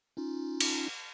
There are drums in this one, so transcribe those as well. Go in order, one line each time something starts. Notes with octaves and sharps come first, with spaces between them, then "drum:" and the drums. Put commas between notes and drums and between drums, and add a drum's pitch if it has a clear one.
C#4 D#4 F4
drum: cymbal